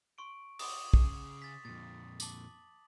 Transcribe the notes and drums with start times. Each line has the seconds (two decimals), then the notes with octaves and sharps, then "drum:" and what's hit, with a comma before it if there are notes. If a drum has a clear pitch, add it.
0.18 C6 C#6 D7
0.59 C6 D6 D#6, drum: open hi-hat
0.94 C#3 G#4, drum: kick
1.42 A6 B6
1.65 F2 A#2 A6
2.20 A5 D6 F#7, drum: tambourine